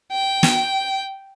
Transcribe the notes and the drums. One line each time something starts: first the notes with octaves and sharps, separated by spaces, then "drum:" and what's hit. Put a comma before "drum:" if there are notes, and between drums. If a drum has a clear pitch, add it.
G5
drum: snare